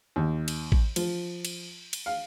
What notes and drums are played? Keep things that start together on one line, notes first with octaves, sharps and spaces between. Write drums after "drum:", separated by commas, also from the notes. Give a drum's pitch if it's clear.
D#2
drum: cymbal
drum: kick A1
F3, drum: cymbal
drum: cymbal
drum: cymbal
F5